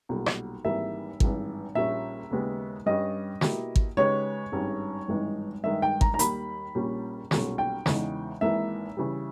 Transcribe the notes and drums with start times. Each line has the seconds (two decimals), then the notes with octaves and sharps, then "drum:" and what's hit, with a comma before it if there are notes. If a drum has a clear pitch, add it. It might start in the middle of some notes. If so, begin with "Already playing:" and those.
0.09 B1 A#2 G3
0.26 drum: rim click
0.64 G#1 G#2 E3 G3 A#3 E5
1.20 G#1 G2 E3, drum: kick
1.75 A#1 A#2 G3 C#4 E5
2.31 D#2 C#3 G#3 B3 G4
2.86 G2 G3 C#4 D#5
3.41 B2 A#3 E4 G4, drum: snare
3.76 drum: kick
3.97 C#3 G#3 D#4 G4 B4 C#5
4.52 G#1 G2 G3 C#4
5.08 G#1 G2 E3 G#3 D#4
5.64 G2 D#3 G#3 D#4 E5
5.82 G5
6.01 A#5, drum: kick
6.14 A#5
6.19 D#2 D#3 G3 B5, drum: hi-hat
6.75 A#1 A#2 G3 C#4
7.31 B1 A#2 G3 C#4, drum: snare
7.58 G5
7.86 E2 C#3 E3 G#3 D#4, drum: snare
8.41 G#1 G#2 E3 A#3 E4 E5
8.97 C#3 E3 G3